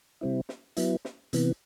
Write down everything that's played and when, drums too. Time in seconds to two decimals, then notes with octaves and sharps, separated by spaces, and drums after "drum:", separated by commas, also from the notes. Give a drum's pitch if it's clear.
0.21 C3 G3 C4 E4
0.49 drum: snare
0.77 F#3 B3 E4, drum: hi-hat
1.05 drum: snare
1.33 C3 E3 B3, drum: hi-hat